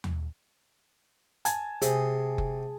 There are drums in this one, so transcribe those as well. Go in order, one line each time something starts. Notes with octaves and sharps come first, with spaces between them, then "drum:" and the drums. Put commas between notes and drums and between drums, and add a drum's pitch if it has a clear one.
drum: tom
G#5 A5 G#6, drum: hi-hat
C3 G#4, drum: hi-hat
drum: kick F#1